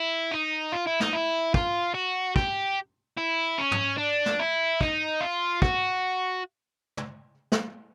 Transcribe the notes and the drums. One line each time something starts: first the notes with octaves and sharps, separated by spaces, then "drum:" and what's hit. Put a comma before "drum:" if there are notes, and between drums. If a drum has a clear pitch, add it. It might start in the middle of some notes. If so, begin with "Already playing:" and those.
Already playing: E4
D#4
F4
E4
D#4, drum: snare
E4
F4, drum: kick
F#4
G4, drum: kick
E4
C#4
drum: tom
D4
drum: snare
E4
D#4, drum: kick
F4
F#4, drum: kick
drum: tom
drum: snare